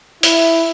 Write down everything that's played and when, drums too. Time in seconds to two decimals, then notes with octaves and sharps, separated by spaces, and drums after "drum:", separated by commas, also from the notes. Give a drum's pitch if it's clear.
0.23 E4, drum: hi-hat